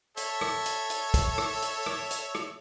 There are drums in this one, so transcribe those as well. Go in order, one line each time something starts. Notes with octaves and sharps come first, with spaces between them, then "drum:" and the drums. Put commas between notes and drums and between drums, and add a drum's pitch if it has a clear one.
A4 C#5 E5, drum: hi-hat
drum: rim click
drum: hi-hat
drum: hi-hat
drum: kick, hi-hat
drum: rim click
drum: hi-hat
drum: rim click
drum: hi-hat
drum: rim click